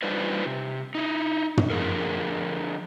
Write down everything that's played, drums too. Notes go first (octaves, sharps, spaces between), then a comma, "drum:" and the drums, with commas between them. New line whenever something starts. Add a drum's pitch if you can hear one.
G3 D4 D#4 F4 B4 C5
C3
D#4 E4
drum: tom
D3 F3 G#4 A#4